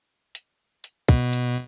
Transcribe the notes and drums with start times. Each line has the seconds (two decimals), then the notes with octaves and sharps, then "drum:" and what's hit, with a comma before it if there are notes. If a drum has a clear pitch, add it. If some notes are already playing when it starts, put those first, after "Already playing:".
0.35 drum: hi-hat
0.84 drum: hi-hat
1.09 B2, drum: kick
1.33 drum: hi-hat